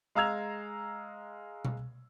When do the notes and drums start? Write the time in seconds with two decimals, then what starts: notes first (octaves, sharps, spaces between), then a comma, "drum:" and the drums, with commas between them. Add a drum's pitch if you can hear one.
0.15 G#3 F5 A#5 E6 G#6 F7
1.65 drum: tom B2